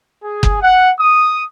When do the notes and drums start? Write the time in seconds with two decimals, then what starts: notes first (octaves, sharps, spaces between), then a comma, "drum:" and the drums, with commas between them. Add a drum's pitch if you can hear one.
0.22 G#4
0.43 drum: kick F#1
0.62 F#5
0.99 D#6